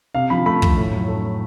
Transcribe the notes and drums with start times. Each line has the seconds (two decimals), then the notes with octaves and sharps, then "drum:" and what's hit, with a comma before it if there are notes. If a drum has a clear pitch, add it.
0.15 C3 F5
0.30 F3 B5
0.46 A3 B5
0.62 F2, drum: kick
0.77 A2
0.92 F#3
1.08 A3